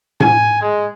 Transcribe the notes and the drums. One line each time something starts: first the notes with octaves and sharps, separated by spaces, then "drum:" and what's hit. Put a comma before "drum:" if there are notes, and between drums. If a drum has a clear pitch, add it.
G#5, drum: tom A2
G#3